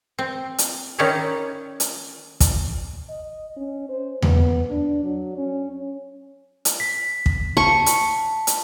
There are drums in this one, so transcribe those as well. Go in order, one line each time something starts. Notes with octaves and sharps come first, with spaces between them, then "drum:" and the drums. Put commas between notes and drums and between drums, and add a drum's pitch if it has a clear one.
C4
drum: hi-hat
D#3 C#4 D#4 E4 C#5 D5
drum: hi-hat
drum: kick, hi-hat
D#5
C#4
C5
B3, drum: tom E2
D4
F#3
C#4
drum: hi-hat
B6
drum: kick
A5 C#6
drum: hi-hat
drum: hi-hat